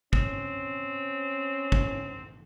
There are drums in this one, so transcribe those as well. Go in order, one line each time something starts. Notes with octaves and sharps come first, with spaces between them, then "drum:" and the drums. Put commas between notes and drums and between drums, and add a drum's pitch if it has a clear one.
C4 C#4, drum: kick
drum: kick